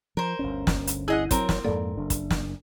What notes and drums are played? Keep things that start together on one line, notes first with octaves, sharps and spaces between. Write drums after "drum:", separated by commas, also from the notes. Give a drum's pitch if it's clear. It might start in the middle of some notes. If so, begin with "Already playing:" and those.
F3 A#4 C5
G1 D2 C#4
drum: snare
drum: hi-hat
E4 G#4 D#5 F#5
F#3 C4 A#4, drum: kick, hi-hat
drum: snare
F2 G#2 A#3 A4 D5
F#1 D4
drum: kick, hi-hat
drum: snare